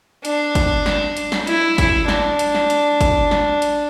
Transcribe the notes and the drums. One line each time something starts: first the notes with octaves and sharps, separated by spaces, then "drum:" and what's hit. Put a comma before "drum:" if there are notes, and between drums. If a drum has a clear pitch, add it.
D4, drum: hi-hat
drum: kick G#1, hi-hat
drum: snare
drum: hi-hat
drum: snare
E4, drum: hi-hat
E4, drum: kick G#1, hi-hat
D4, drum: snare
drum: hi-hat
drum: snare
drum: hi-hat
drum: kick G#1, hi-hat
drum: snare
drum: hi-hat